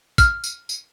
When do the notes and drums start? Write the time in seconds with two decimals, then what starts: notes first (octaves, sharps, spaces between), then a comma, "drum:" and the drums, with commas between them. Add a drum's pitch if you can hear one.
0.18 F6, drum: kick, tambourine
0.44 drum: tambourine
0.69 drum: tambourine